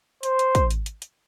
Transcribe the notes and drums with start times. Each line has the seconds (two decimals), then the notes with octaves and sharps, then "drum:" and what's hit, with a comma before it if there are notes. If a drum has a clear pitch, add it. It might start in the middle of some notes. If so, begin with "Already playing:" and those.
0.23 C5, drum: hi-hat
0.39 drum: hi-hat
0.55 drum: kick, hi-hat
0.71 drum: hi-hat
0.86 drum: hi-hat
1.02 drum: hi-hat